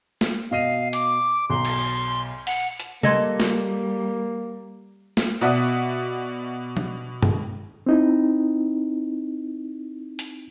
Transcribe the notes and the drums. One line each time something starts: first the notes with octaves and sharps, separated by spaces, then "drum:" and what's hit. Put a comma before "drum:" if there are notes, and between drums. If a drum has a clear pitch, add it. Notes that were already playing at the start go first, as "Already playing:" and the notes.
drum: snare
B2 D#5 F5 D#7
D6, drum: hi-hat
B1 A#5 C6
drum: cymbal
F#5, drum: open hi-hat
drum: hi-hat
G3 A#3 A4 D#5 C6 G#6 A#6, drum: tom C#3
drum: snare
drum: snare
B2 F#4 D5 E5 F#5 D#6
drum: tom F3
drum: tom
C4 D#4 E4
drum: hi-hat